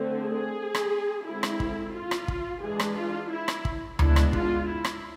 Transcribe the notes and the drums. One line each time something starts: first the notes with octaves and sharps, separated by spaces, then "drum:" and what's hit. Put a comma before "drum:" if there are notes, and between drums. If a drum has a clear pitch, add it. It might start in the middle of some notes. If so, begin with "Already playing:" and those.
Already playing: D3 A3 C4
G#4
drum: rim click
D3 G#3 C4 E4
drum: rim click
drum: kick
F4
drum: rim click
drum: kick
E3 G#3 D4 G#4
drum: rim click
F4
E4
drum: rim click
drum: kick
G#3 B3 D4 E4, drum: tom D2
drum: rim click
F4, drum: kick
E4
drum: rim click